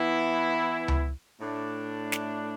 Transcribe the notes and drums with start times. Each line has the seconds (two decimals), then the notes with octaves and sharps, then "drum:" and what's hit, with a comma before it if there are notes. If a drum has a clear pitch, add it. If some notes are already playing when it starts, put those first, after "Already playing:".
Already playing: E3 B3 E4
0.88 drum: tom C#2
1.41 A2 A3 D4
2.12 drum: snare